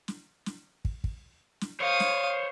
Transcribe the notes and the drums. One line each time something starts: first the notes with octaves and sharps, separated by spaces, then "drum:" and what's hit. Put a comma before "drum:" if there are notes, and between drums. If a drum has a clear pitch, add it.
drum: snare
drum: snare
drum: kick
drum: kick
drum: snare
C5 C#5 F5 D#6
drum: snare